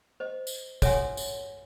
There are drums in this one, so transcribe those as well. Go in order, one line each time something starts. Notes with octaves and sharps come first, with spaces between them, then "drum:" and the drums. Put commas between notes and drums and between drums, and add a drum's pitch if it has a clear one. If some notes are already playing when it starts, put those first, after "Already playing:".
C5 D#5
drum: tambourine
A4 C#5 E5 F#5 G#5 C6, drum: kick, tambourine
drum: tambourine